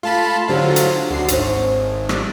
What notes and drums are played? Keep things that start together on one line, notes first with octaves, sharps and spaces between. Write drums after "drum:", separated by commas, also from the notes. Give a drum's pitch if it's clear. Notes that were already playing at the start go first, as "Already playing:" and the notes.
A3 F4 A5 B5
D3 F#3 E4 F4 G4 C5
drum: hi-hat
D2 D3 D4 F#4 C7
G#1 C5 C#5, drum: hi-hat
G3 D5, drum: rim click